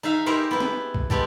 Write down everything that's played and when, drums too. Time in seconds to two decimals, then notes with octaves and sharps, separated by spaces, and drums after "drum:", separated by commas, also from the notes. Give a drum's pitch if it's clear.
0.03 D#4 G#4 E5 F5
0.26 D#4 E4 G4 G#4 A#4 C5
0.51 B3 E4
0.60 drum: snare
0.94 drum: kick
1.10 G#3 B3 G4 A4, drum: kick